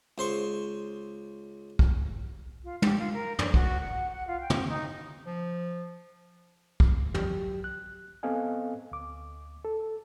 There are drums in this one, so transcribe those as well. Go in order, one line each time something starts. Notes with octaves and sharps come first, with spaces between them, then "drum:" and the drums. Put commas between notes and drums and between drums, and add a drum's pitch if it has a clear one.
C#2 C5 C6 C#6
drum: kick
F4
G4, drum: tom
F4
A#4
D5, drum: tom
F#4, drum: kick
F#5
F#5
F4
G5
drum: tom
D#4
F3
drum: kick
F#3 G4, drum: tom
F#6
B3 C4 A4 D#5 F5 G#5
D2 D6
A4